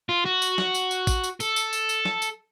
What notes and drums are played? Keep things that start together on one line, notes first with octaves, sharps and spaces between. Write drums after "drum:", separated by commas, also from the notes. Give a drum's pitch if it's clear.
F4
F#4
drum: tambourine
drum: snare
drum: tambourine
drum: tambourine
drum: kick A1, tambourine
drum: tambourine
A4, drum: tambourine
drum: tambourine
drum: tambourine
drum: tambourine
drum: snare
drum: tambourine